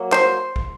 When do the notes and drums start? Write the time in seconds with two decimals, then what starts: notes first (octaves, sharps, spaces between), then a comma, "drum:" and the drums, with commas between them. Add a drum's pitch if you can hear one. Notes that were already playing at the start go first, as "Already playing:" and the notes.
Already playing: F#3 A#3
0.12 C5, drum: clap
0.56 drum: kick